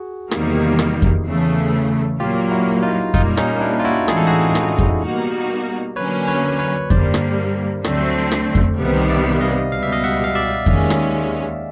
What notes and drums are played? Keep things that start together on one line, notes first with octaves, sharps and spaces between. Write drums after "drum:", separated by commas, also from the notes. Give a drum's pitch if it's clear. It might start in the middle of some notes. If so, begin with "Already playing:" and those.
Already playing: F#4 G#4
E2 C3 D#3 G3 A#3, drum: rim click
drum: rim click
drum: kick F2
E2 C#3 E3 A3
A#2 F#3 A#3 F4 G4
E4 F#4
D#4 F4
A#2 G3 A#3 D#4 F4, drum: kick F2
C#4 D#4, drum: rim click
D4 E4
F4
E4 F#4
A2 E3 G#3 C4 D#4 G#4, drum: rim click
A4
F#4 G#4
drum: rim click
drum: kick F2
B2 G3 A#3 D#4 F#4
D3 F#3 A#3 C#4 B4 C#5
B4 C#5
B4 C#5
G2 D3 G3 A#3 C5 D5, drum: kick F2
drum: rim click
D2 D3 F#3 A3 C4, drum: rim click
drum: rim click
drum: kick F2
C2 C3 D#3 G3 B3
D5 E5
D#5 F5
C#2 B2 G3 F5
E5
D#5 F5
E5 F#5
F5
D5 E5
D#2 D#3 G#3 C#4, drum: kick F2
drum: rim click